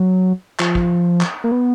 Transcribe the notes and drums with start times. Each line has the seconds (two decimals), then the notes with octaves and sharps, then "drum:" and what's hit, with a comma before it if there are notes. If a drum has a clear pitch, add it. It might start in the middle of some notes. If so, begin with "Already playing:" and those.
Already playing: F#3
0.59 F3, drum: clap
0.75 drum: kick
1.21 drum: clap
1.44 A#3
1.52 B3